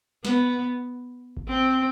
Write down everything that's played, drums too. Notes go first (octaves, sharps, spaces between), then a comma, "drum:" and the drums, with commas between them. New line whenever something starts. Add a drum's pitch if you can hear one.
B3, drum: snare
drum: kick G#1
C4